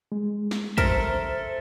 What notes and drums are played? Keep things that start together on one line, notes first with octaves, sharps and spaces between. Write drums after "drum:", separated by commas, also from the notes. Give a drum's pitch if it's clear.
G#3
drum: snare
A4 A#4 C5 E5, drum: kick